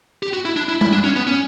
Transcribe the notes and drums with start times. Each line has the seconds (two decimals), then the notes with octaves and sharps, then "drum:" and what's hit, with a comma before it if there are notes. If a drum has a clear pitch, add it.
0.23 G4
0.33 F#4
0.45 E4
0.57 D4
0.69 E4
0.81 E4, drum: tom G3
0.93 D4
1.04 C#4
1.16 B3
1.27 C#4